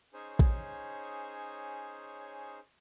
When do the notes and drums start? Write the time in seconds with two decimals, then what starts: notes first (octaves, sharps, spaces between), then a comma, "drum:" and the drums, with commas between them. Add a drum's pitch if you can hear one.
0.14 C#4 D#4 G#4 C5 C#5 G#5
0.39 drum: kick A#1